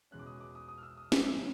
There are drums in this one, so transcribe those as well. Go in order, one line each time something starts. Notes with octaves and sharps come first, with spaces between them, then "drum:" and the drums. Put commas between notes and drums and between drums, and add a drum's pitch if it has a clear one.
E2 B2 G#3 C#4 F#6
D6
D#6
D6
D#6
D#6
F6
E6
D#6
D6, drum: snare
F#2 D3 F#3 E6